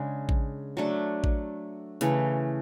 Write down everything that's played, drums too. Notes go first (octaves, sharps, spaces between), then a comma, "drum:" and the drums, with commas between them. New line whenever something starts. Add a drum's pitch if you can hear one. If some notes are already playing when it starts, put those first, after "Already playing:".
Already playing: C#3 G#3 D4
drum: kick A1
F#3 A3 D4
drum: kick A1
C#3 E3 A3, drum: hi-hat